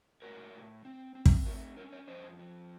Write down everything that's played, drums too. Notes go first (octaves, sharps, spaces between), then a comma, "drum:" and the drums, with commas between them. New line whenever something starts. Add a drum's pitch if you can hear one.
A2 F#4 A#4
A2
C4
C4
drum: kick
A3 F#4 A#4
C#4 A#4 C#5
A#4 C#5
F2 C5 D#5
F3